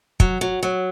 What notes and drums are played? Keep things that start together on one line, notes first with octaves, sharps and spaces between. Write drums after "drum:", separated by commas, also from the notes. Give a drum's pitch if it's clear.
F#3, drum: kick
F#3
F#3